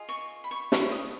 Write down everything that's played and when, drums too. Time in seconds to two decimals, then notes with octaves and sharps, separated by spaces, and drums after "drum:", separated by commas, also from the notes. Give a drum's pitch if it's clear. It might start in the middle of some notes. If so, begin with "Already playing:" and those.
Already playing: F4 G#4 D#5
0.09 C#6
0.44 B5
0.51 C#6
0.72 C#6, drum: snare
0.92 D#6